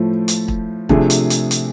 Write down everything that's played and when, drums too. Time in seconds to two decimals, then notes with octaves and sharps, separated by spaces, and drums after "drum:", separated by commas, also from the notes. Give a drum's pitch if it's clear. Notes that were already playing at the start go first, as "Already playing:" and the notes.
Already playing: A2 F3 A3
0.28 drum: hi-hat
0.48 drum: kick
0.89 C3 F3 A3 D4 G#4, drum: kick
1.10 drum: hi-hat
1.30 drum: hi-hat
1.51 drum: hi-hat